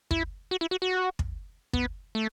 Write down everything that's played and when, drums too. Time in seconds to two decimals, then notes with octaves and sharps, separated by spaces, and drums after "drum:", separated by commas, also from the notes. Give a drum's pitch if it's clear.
0.11 E4, drum: kick
0.51 F#4
0.61 E4
0.71 F#4
0.82 F#4
1.19 drum: kick
1.73 B3, drum: kick
2.15 A3